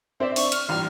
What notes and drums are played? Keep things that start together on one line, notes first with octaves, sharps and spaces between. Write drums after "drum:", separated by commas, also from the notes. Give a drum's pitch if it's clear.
C4 C5 D5 E5
D4 C#6, drum: open hi-hat
F6, drum: hi-hat
A1 G2 A#2 F6